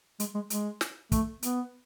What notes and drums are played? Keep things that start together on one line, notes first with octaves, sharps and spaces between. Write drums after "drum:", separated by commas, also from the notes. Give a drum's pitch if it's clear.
G#3, drum: hi-hat
G#3
G#3, drum: hi-hat
drum: snare
A3, drum: kick, hi-hat
B3, drum: hi-hat